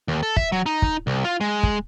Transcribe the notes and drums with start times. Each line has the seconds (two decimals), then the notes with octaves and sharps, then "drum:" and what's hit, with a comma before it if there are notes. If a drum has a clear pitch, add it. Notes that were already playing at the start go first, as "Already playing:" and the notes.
0.08 D#2
0.23 A4
0.37 E5, drum: kick
0.52 F#3
0.66 D#4
0.82 drum: kick
1.07 C2
1.24 F4
1.41 G#3
1.63 drum: kick